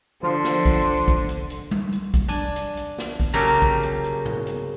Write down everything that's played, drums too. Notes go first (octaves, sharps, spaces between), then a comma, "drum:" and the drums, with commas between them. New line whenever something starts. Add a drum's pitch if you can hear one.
D3 F3 C5 C6
drum: snare
drum: kick, open hi-hat
drum: kick, hi-hat
drum: hi-hat
drum: hi-hat
drum: tom G3
drum: hi-hat
drum: kick, hi-hat
D4 G#5
drum: hi-hat
drum: hi-hat
drum: snare
drum: kick, open hi-hat
C#3 F#3 A#3 G4 A4 A#4
drum: kick, hi-hat
drum: hi-hat
drum: hi-hat
drum: tom A2
drum: hi-hat